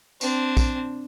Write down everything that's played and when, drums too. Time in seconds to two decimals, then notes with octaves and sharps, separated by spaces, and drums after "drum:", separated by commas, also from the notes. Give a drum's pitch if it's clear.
0.21 C4 D4, drum: tambourine
0.57 drum: kick, tambourine